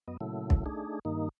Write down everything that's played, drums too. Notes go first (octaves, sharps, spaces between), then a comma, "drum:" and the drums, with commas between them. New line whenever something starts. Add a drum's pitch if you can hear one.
F#2 B3 D#5
A#2 C#3 F#3 A3 E4
drum: kick
A3 D4 D#4 G#4
G2 D#3 A#3 D#4